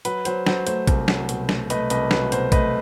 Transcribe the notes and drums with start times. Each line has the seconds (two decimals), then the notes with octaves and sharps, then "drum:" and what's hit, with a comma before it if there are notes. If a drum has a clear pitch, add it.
0.05 F#3 B4, drum: hi-hat
0.25 F#3 C5, drum: hi-hat
0.47 F#3 C5, drum: snare
0.67 A3 C5, drum: hi-hat
0.87 C2, drum: kick, hi-hat
1.08 F#3, drum: snare
1.29 B2, drum: hi-hat
1.49 A3, drum: snare
1.70 A3 B4 D#5, drum: hi-hat
1.90 C2 B4 D#5, drum: hi-hat
2.11 F#3 B4, drum: snare
2.32 B2 C5, drum: hi-hat
2.52 A3 B4 D#5, drum: kick, hi-hat